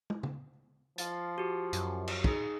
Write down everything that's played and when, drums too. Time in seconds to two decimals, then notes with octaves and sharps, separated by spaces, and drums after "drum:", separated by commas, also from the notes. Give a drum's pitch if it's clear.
0.10 drum: tom
0.23 drum: tom
0.98 F3 F5 A6, drum: hi-hat
1.38 F#4 G4
1.73 F#2, drum: hi-hat
2.08 drum: cymbal
2.24 D#4 G#4, drum: kick